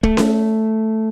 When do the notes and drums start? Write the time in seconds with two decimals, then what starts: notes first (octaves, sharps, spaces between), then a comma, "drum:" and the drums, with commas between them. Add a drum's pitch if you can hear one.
0.03 A3, drum: kick
0.17 drum: snare C#4